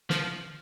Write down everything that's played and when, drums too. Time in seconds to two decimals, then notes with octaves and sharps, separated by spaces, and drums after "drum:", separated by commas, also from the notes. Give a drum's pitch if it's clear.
0.10 F3, drum: snare